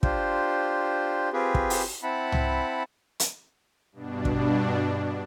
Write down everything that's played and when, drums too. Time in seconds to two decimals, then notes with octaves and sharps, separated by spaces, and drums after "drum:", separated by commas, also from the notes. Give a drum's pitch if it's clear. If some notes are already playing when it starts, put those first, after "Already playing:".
0.03 D4 F4 G4 C5, drum: kick
1.33 C4 F4 G4 G#4 B4
1.55 drum: kick
1.70 drum: open hi-hat
2.03 C4 E4 F#5 A5 B5
2.32 drum: tom
3.20 drum: hi-hat
3.92 G2 B2 D4
4.25 drum: kick